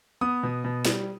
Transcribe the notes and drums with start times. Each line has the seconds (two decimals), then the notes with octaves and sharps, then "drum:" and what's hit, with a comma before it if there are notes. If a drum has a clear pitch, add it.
0.21 B3 D#6
0.43 B2
0.64 B2
0.85 G3, drum: snare